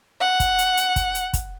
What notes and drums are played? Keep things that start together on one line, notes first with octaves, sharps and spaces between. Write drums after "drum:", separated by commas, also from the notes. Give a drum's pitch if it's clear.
F#5
drum: kick, hi-hat
drum: hi-hat
drum: hi-hat
drum: kick, hi-hat
drum: hi-hat
drum: kick, hi-hat